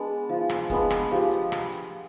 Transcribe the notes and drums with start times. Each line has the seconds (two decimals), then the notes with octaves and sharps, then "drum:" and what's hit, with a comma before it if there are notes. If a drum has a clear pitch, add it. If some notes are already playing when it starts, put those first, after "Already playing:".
Already playing: G#3 B3 D4
0.29 F3
0.49 drum: rim click
0.70 G#3 B3 D4, drum: kick
0.90 drum: rim click
1.11 F3 G4
1.31 drum: hi-hat
1.52 drum: rim click
1.72 drum: hi-hat